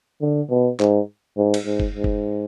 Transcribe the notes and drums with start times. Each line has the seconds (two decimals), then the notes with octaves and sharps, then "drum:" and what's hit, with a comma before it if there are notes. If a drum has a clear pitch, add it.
0.22 D3
0.50 B2
0.80 G#2, drum: clap
1.37 G#2
1.54 drum: cymbal
1.66 G#2
1.80 drum: kick F#1
1.94 G#2
2.04 drum: kick F#1